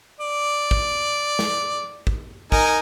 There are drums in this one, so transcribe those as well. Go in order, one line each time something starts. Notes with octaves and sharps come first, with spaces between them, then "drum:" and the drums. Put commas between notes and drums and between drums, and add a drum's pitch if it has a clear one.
D5
drum: kick
drum: snare
drum: kick
D#4 A#4 G#5, drum: kick